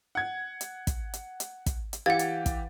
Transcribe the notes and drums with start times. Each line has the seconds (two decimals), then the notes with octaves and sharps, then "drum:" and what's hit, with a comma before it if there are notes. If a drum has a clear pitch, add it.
0.15 F#5 G#6
0.61 drum: hi-hat
0.87 drum: kick, hi-hat
1.14 drum: hi-hat
1.40 drum: hi-hat
1.66 drum: kick, hi-hat
1.93 drum: hi-hat
2.06 E3 G4 F5 F#5 G#6 A6
2.19 drum: hi-hat
2.46 drum: kick, hi-hat